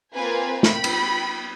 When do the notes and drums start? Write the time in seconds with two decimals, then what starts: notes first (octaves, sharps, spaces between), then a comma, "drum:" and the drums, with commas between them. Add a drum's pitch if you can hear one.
0.15 A#3 C4 F4 B4 G#5
0.63 G5 B5, drum: snare
0.84 drum: cymbal